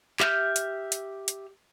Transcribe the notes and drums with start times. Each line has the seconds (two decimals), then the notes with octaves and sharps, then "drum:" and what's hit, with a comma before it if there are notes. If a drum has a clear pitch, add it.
0.20 G4 E5 F6 G6, drum: clap
0.56 drum: hi-hat
0.92 drum: hi-hat
1.28 drum: hi-hat